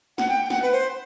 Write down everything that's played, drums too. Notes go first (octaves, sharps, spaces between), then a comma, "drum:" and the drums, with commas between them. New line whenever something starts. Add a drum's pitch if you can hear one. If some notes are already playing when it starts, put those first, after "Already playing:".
F#5, drum: snare
G5
G5
F#5, drum: snare
B4
C5